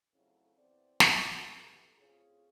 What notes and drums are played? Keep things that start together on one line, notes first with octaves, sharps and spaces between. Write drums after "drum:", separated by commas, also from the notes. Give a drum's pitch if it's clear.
F2 C#3 F#3 A3 C#4 E4
E2 C4 E4 D5
drum: snare
A#2
B3 E4 G4 A4
A2 C4 C#4 F4 G#4